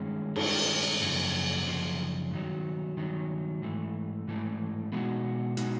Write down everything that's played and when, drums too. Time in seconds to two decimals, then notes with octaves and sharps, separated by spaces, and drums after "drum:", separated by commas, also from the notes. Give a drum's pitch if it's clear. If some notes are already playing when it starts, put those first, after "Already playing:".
Already playing: G2 D#3 G#3 C#4
0.36 G2 D#3 G#3 C#4, drum: cymbal
0.82 drum: hi-hat
1.02 F#2 C#3 F3
1.66 F#2 C#3 F3
2.31 G2 D#3 F#3
2.97 G2 D#3 F#3
3.62 G#2 E3 A3
4.28 G#2 E3 A3
4.92 B2 G#3 B3 D#4 F#4
5.57 B2 G#3 B3 D#4 F#4, drum: hi-hat